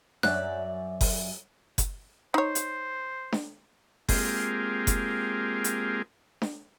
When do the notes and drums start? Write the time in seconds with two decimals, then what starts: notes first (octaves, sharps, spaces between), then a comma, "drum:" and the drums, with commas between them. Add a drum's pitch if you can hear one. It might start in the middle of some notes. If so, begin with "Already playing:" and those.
0.23 F#2 D5 E5 F#6, drum: snare D4
1.01 drum: kick F#1, open hi-hat
1.78 drum: kick F#1, hi-hat
2.34 D#4 C5 C#5
2.55 drum: hi-hat
3.32 drum: snare D4
4.09 G#3 A#3 C4 F4 G4 G#4, drum: kick F#1, open hi-hat
4.87 drum: kick F#1, hi-hat
5.64 drum: hi-hat
6.42 drum: snare D4